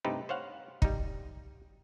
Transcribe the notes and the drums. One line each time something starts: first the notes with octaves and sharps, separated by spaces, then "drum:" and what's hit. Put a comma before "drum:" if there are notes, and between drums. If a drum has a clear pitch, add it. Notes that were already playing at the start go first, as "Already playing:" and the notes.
G2 C3 A3 D#4 G4 B4
C5 C#5 F5 F#5
G3 D#4, drum: kick